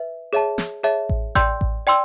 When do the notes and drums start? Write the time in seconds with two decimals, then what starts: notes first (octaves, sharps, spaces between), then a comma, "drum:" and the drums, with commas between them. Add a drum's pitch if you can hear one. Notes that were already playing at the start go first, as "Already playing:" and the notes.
Already playing: B4 E5
0.33 G#4 C#5 E5 A5
0.58 drum: snare
0.83 G#4 C#5 E5 A5
1.09 drum: kick A1
1.35 D5 G5 C6 E6 G6, drum: kick A1
1.61 drum: kick A1
1.87 D5 G5 C6 E6